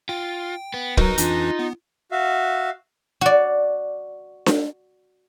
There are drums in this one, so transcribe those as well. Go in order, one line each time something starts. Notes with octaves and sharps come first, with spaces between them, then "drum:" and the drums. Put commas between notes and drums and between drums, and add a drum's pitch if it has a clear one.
F4 G5
B3
F#3 D#4 F#4 A#4 B4 A#5, drum: kick
F2 E3 D4 F4, drum: hi-hat
B3
F#4 E5 F5
F#4 D5
drum: snare D4